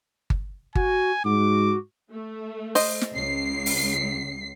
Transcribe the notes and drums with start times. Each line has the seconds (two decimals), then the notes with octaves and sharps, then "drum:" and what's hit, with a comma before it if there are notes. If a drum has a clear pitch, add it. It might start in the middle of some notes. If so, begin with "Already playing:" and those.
0.30 drum: kick G1
0.75 F#4 G#5, drum: kick G1
1.25 G#2 F#4 D6
2.11 A3
2.75 C5 D#5, drum: open hi-hat
3.01 drum: snare
3.15 C#2 C7
3.66 drum: open hi-hat